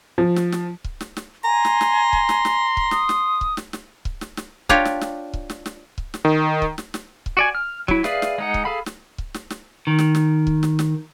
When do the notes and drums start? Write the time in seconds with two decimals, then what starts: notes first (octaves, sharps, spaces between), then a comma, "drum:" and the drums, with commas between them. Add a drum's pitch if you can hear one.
0.18 F3
0.36 drum: snare
0.52 drum: snare
0.84 drum: kick C#1
1.01 drum: snare
1.17 drum: snare
1.44 G#5 A#5 C6
1.65 drum: snare
1.81 drum: snare
2.13 drum: kick C#1
2.29 drum: snare
2.45 drum: snare
2.77 drum: kick C#1
2.91 D#6, drum: snare
3.09 drum: snare
3.41 drum: kick C#1
3.57 drum: snare
3.73 drum: snare
4.05 drum: kick C#1
4.21 drum: snare
4.37 drum: snare
4.69 D4 F4 G4 C#5, drum: kick C#1
4.85 drum: snare
5.01 drum: snare
5.34 drum: kick C#1
5.50 drum: snare
5.66 drum: snare
5.98 drum: kick C#1
6.14 drum: snare
6.25 D#3
6.62 drum: kick C#1
6.78 drum: snare
6.94 drum: snare
7.26 drum: kick C#1
7.37 F#4 D5 G#5
7.55 F6
7.88 F#3 E4, drum: kick C#1
8.04 G#4 B4 D5 E5 F5, drum: snare
8.22 drum: snare
8.38 G#3 D#4 F#5
8.54 drum: kick C#1
8.65 G#4 A4 F5 B5
8.86 drum: snare
9.18 drum: kick C#1
9.34 drum: snare
9.50 drum: snare
9.87 D#3
9.99 drum: snare
10.15 drum: snare
10.47 drum: kick C#1
10.63 drum: snare
10.79 drum: snare